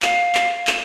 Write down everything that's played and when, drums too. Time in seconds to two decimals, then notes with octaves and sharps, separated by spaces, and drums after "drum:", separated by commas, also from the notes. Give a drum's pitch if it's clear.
0.02 F5, drum: clap
0.35 drum: clap
0.67 drum: clap